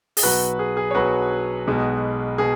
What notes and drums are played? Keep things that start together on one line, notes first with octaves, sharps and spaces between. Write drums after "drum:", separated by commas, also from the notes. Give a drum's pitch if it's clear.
G#4, drum: open hi-hat
B1 B2 F#3 F#4 B4
G#4
G#4
C#5
B1 B2 F#3 F#4 B4
B1 B2 G#3
B2 G#4